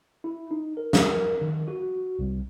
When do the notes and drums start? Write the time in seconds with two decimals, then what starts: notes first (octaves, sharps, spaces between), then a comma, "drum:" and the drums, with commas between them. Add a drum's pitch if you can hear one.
0.24 E4
0.51 D#4
0.77 A#4
0.93 drum: snare
1.12 A#4
1.41 D#3
1.68 F#4
2.19 C2